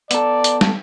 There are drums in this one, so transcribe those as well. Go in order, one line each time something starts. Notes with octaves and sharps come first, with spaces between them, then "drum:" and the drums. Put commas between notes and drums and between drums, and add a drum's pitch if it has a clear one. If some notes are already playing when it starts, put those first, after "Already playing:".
B3 A4 D5, drum: hi-hat
drum: hi-hat
drum: snare